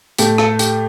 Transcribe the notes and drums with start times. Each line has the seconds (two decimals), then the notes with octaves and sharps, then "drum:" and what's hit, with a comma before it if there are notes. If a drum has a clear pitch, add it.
0.18 A2 A3 G4, drum: hi-hat
0.38 A4, drum: rim click
0.59 G4, drum: hi-hat